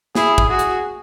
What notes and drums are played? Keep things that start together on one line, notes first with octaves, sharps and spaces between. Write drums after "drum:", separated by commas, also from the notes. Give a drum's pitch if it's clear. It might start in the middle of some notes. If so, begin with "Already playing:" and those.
E4 G#4, drum: snare
drum: kick
F#4 G#4
drum: hi-hat